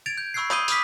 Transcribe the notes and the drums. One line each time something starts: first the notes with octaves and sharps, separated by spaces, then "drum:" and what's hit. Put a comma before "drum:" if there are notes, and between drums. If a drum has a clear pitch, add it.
G#6 A6 D7 F7
G6
B5 C#6 E6 F#6 G#6 C7
B5 D#6 G6 C7 D#7 G7, drum: clap
B5 D6 D#6 F6 B6, drum: hi-hat